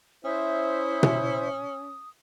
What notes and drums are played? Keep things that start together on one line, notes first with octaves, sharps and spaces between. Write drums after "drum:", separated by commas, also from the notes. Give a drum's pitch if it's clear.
C#4 E4 C5 E5 D#6
drum: tom B2